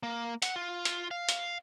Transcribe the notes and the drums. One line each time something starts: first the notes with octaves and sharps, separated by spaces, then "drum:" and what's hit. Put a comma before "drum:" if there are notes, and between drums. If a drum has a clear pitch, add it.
A#3
F#5, drum: hi-hat
F4
drum: hi-hat
F5
drum: hi-hat